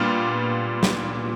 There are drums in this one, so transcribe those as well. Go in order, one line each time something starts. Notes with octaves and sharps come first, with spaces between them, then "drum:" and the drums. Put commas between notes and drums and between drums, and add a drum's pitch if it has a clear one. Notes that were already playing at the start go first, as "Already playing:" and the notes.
Already playing: A#2 G3 B3 D4 F4
drum: snare